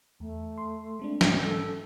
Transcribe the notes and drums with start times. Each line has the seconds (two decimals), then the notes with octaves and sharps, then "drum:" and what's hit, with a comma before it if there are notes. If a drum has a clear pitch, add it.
0.20 E2 A3
0.58 C6
0.99 G#3 C4 D4
1.21 G#2 E3, drum: snare
1.44 A4